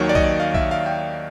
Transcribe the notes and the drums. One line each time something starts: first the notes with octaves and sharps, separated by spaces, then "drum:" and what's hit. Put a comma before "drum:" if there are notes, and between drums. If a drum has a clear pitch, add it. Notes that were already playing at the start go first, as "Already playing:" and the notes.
Already playing: D#2 D#3 F#3 C#5
D5
D#5, drum: kick
F5
E5, drum: kick
F5
G5